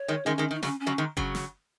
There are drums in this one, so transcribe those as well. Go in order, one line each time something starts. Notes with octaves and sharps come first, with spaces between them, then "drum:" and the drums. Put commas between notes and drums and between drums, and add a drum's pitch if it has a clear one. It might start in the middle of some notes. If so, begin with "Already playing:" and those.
Already playing: C#5
D#3 G#3
D#3 G#3 C#4
D#3 G#3
D#3
D#4
C#3 F#3 C#4, drum: snare
C#4
C#3 F#3
D#3 G#3
C#3 F#3, drum: kick F#1
drum: snare